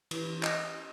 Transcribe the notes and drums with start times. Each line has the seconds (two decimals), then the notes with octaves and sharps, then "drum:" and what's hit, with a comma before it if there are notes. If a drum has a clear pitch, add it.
0.11 E3, drum: cymbal
0.43 D#5, drum: clap